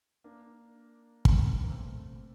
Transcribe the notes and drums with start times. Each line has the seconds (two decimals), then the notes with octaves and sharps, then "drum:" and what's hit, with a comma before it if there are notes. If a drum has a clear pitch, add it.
0.24 A#3 D4
1.25 drum: kick
1.63 A#3
1.68 A3 C4